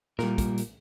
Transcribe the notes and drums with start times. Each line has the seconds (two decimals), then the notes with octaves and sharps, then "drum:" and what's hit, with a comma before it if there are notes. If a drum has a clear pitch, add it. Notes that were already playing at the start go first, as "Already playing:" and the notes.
0.19 A#2 G3 A#4, drum: snare
0.38 drum: kick, hi-hat
0.58 drum: hi-hat